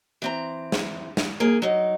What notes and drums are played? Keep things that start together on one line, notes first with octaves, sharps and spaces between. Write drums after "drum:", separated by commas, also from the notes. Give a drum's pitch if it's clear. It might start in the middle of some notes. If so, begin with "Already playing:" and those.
E3 C4 A#5
drum: snare
drum: snare
A#3 G#4
F#3 D#4